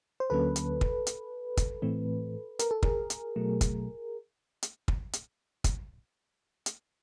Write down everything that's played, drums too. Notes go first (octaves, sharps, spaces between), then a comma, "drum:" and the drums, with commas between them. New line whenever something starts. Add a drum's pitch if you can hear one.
C5
D2 D3 F#3 A#3 C#4 A4 B4
drum: hi-hat
drum: kick
drum: hi-hat
drum: kick, hi-hat
A2 E3 A3 C4
A#4, drum: hi-hat
A4
G#4 A#4, drum: kick
drum: hi-hat
B2 F#3 A3
drum: kick, hi-hat
drum: hi-hat
drum: kick
drum: hi-hat
drum: kick, hi-hat
drum: hi-hat